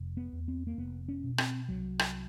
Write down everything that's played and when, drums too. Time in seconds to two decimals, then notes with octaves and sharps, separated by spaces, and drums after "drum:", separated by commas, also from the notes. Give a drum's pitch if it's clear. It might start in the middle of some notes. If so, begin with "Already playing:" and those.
Already playing: F1
0.17 B3
0.32 E2
0.48 C4
0.67 A#3
0.78 F1 B3
1.08 C#4
1.23 B2
1.38 C4, drum: rim click
1.69 C2 F#3
1.99 drum: rim click